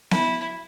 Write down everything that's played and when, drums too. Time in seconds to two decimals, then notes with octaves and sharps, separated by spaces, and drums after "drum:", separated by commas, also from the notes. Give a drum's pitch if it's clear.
0.11 E4, drum: snare B3